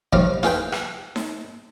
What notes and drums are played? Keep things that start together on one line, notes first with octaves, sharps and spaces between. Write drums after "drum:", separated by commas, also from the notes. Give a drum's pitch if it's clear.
D#2 F3 G3 F5, drum: kick
F4 G#4 B4 G5, drum: snare D#4
drum: rim click
drum: snare D#4